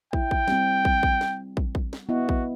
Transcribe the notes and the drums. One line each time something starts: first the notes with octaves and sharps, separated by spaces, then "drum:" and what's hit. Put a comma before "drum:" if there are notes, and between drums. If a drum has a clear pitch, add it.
E4 G5, drum: kick
drum: kick
G3 C4, drum: snare
drum: kick
drum: kick
drum: snare
drum: kick
drum: kick
drum: snare
B3 E4 F#4 D#5
drum: kick